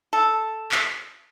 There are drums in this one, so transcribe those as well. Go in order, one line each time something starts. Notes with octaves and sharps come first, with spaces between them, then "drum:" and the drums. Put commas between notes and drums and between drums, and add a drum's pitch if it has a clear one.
A4
drum: clap